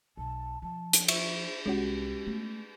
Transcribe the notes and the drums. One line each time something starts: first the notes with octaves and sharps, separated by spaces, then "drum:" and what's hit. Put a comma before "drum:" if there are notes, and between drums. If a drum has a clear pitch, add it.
B1 A5
F3 A5
drum: hi-hat
C5 E5 C#6, drum: cymbal
C2 G#3 C#4 F#4 G4
A3 B3